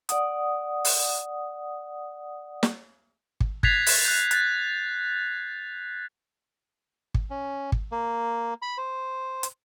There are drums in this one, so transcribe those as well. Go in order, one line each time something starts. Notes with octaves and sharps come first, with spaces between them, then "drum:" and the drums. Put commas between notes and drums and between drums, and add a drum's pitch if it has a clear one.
D5 F#5 D#6, drum: hi-hat
drum: open hi-hat
drum: snare
drum: kick
F#6 G#6 A6 B6 C7 F7, drum: kick
drum: open hi-hat
F#6 G6
F#6 A6, drum: hi-hat
drum: kick
C#4
drum: kick
A#3
B5
C5
drum: hi-hat